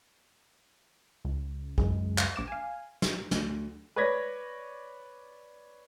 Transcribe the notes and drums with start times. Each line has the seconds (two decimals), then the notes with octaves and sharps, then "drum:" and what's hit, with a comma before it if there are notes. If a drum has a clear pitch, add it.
1.25 C#2
1.78 C#2 F#2 G#3, drum: kick A#1
2.18 drum: clap
2.36 A#1 D6 E7
2.48 F5 G#5
3.02 drum: snare
3.31 D2, drum: snare
3.96 B4 C#5 D5 G#6 A#6 B6